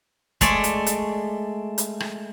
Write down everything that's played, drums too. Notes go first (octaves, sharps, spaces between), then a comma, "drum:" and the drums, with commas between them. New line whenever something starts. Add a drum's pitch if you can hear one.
G#3 A3 D5, drum: kick, hi-hat
drum: hi-hat
drum: hi-hat
drum: hi-hat
drum: rim click